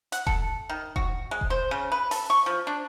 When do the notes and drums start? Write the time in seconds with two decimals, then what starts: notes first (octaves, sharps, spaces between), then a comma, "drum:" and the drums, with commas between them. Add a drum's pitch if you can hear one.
0.12 F#5, drum: hi-hat
0.27 A4, drum: kick E1
0.69 D#3
0.96 F#4, drum: kick E1
1.31 G#3
1.41 drum: kick E1
1.50 C5
1.71 C#3
1.92 B4
2.11 A4, drum: open hi-hat
2.30 C#6
2.46 F3
2.67 D4